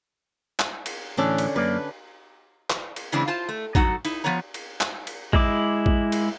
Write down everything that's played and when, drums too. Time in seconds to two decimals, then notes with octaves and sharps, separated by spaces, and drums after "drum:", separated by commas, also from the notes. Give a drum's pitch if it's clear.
0.59 drum: clap
0.86 drum: cymbal
1.17 A2 D3 E3 C#4 D4
1.38 drum: cymbal
1.56 F#2 A#3 B4 D5
2.70 drum: clap
2.96 drum: cymbal
3.12 C#3 E3 G#3 C4 D4 E4
3.28 F4 C5 A5
3.49 A3
3.75 F#3 D#4 F#4 A4 F#5, drum: kick
4.05 D#4 E4, drum: cymbal
4.24 F3 B3 F4 C#5 A#5
4.54 drum: cymbal
4.81 drum: clap
5.07 drum: cymbal
5.33 G#3 E4 D6, drum: kick
5.86 drum: kick
6.12 drum: cymbal